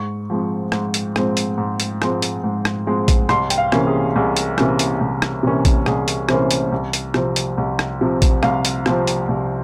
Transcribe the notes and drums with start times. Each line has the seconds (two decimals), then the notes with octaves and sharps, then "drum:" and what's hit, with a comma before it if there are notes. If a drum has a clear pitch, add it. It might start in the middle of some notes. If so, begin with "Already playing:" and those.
Already playing: G#2 C#6
0.30 F3 G#3 C4
0.72 G#2, drum: rim click
0.94 drum: hi-hat
1.16 F3 G#3 C4, drum: rim click
1.37 drum: hi-hat
1.58 G#2
1.80 drum: hi-hat
2.02 F3 G#3 C4, drum: rim click
2.22 drum: hi-hat
2.44 G#2
2.65 drum: rim click
2.87 F3 G#3 C4
3.08 drum: kick A#1, hi-hat
3.29 C2 C6, drum: rim click
3.50 G5, drum: hi-hat
3.58 F5
3.72 C3 E3 A#3 C#4, drum: rim click
3.87 G#4
4.16 C2 G#4
4.36 drum: hi-hat
4.58 C3 E3 A#3 C#4, drum: rim click
4.79 drum: hi-hat
5.01 C2
5.22 drum: rim click
5.43 C3 E3 A#3 C#4
5.65 drum: kick A#1, hi-hat
5.86 C2 G#4, drum: rim click
6.08 drum: hi-hat
6.29 C3 E3 A#3 C#4 C5, drum: rim click
6.51 drum: hi-hat
6.72 C2
6.93 drum: hi-hat
7.14 C3 F3 C4, drum: rim click
7.36 drum: hi-hat
7.58 C2
7.79 drum: rim click
8.01 C3 F3 C4
8.22 drum: kick A#1, hi-hat
8.43 C2 F5, drum: rim click
8.65 drum: hi-hat
8.86 C3 F3 C4, drum: rim click
9.07 drum: hi-hat
9.29 C2